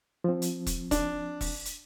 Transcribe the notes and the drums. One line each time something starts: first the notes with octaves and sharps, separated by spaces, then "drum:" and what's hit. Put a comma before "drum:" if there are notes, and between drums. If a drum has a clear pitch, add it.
F3 C4
drum: hi-hat
drum: kick E1, hi-hat
D4, drum: kick E1, hi-hat
drum: kick E1, open hi-hat
drum: hi-hat